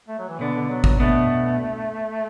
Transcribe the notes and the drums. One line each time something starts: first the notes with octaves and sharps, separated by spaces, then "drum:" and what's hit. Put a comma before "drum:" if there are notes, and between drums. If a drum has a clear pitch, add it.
A3
F#3
E3
B2 D3 B3 D4
D3
F#3
F#3, drum: kick G#1
B2 A3 B3 D4